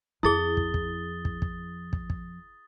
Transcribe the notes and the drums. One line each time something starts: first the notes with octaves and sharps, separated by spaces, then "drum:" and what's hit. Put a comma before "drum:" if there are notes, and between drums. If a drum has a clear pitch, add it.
F2 F3 E4 G#4 D#6 A6 G7
drum: kick
drum: kick
drum: kick
drum: kick
drum: kick
drum: kick